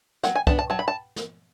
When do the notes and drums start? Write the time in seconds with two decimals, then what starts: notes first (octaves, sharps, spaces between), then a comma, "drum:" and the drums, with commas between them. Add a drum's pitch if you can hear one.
0.23 F#3 F#5, drum: snare
0.35 G#5
0.47 B3 D4 A5, drum: kick C2
0.59 A5
0.70 F#3 A5
0.79 B5
0.88 A5
1.16 drum: snare